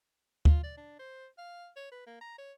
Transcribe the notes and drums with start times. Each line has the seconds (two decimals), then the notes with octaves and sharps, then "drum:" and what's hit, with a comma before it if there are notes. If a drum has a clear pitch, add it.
0.45 F4, drum: kick
0.63 D5
0.77 D4
0.99 C5
1.38 F5
1.76 C#5
1.92 B4
2.07 A#3
2.21 A#5
2.38 C#5